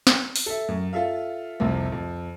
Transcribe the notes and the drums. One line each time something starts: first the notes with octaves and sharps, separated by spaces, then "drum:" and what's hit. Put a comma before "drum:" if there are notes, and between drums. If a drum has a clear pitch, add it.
drum: snare
drum: open hi-hat
A4 E5
F#2
F4 A4 E5 F5
C2 F2 C3
F2